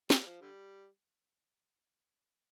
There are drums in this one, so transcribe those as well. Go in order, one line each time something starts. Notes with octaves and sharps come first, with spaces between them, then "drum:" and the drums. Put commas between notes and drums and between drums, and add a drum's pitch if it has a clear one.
G3, drum: snare
F3
D3 G3